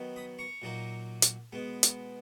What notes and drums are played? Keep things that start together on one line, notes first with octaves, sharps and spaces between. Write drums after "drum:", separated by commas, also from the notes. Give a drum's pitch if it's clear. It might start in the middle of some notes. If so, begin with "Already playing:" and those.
Already playing: D#3 F#3 B3
B5 D#6
A#5 C#6
A#2 F#3 A#3 D#4
drum: hi-hat
B2 G#3 B3
drum: hi-hat